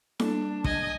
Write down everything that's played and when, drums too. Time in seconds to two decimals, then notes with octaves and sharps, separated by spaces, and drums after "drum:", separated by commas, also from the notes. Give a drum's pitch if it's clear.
0.20 G3 A#3 D4 A4, drum: snare E4
0.64 D#5 G#5, drum: kick